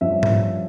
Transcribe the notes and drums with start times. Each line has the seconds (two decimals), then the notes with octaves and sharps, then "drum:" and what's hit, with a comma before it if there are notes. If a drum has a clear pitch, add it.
0.01 G2 F3 C#4 E5
0.23 drum: tom G#2